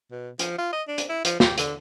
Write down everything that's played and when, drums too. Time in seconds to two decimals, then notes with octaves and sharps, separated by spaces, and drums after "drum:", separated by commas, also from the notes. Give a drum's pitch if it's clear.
0.11 B2
0.39 F3, drum: hi-hat
0.58 F4
0.72 D#5
0.88 D4
0.98 drum: hi-hat
1.09 E4
1.25 F3, drum: hi-hat
1.40 G4, drum: snare
1.58 D3, drum: hi-hat